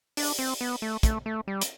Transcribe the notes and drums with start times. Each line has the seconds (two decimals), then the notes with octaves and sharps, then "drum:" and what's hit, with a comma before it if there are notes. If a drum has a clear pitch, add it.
0.17 D4, drum: open hi-hat
0.39 C4
0.61 B3
0.82 A3
1.03 A3, drum: kick, hi-hat
1.26 A3
1.48 G3
1.61 drum: hi-hat